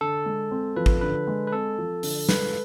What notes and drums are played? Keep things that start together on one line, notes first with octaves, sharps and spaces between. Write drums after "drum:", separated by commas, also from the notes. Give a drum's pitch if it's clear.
D3 A4
G#3
C4
F3 B4
drum: kick
D3 B4
G#3
B4
C4 A4
F3
D3, drum: open hi-hat
G#3 B4, drum: snare